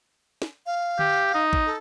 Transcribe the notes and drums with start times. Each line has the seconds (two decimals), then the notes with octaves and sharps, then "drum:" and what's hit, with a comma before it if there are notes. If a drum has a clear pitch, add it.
0.42 drum: snare
0.66 F5
0.99 G4, drum: tom D3
1.34 D#4
1.53 drum: kick A1
1.66 A4